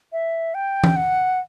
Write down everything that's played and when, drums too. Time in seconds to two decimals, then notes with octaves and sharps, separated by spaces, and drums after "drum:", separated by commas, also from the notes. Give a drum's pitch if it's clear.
0.13 E5
0.54 G5
0.84 drum: tom E3
0.96 F#5